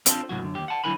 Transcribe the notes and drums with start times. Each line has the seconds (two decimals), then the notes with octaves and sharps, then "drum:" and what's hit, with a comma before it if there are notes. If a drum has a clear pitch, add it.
0.06 C4 D4 F4 G#4 A4, drum: hi-hat
0.29 C#2 A2 F#3 F#4
0.42 F#2 D3
0.55 D#2 G4
0.68 F#5 A5
0.84 D3 F#3 E4 B4 G#5 B5